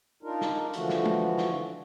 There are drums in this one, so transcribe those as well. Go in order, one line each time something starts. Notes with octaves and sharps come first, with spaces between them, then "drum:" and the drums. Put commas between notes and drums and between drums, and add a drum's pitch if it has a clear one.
D4 D#4 F4 A#4
drum: snare
D3 E3 F3 A3 F#4, drum: hi-hat
drum: snare
drum: tom
drum: snare